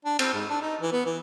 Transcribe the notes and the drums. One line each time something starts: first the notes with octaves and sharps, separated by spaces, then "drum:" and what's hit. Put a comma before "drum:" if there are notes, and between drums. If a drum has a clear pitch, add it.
D4
C4, drum: cymbal
G#2
D4
D#4
E3
B3
E3